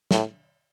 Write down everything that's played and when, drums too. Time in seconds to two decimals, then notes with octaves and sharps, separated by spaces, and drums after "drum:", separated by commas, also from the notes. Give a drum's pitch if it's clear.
0.11 A2, drum: snare